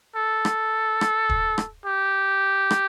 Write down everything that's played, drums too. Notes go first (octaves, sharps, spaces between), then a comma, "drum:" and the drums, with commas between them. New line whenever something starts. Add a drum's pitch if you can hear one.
A4
drum: rim click
drum: rim click
drum: kick
drum: rim click
G4
drum: rim click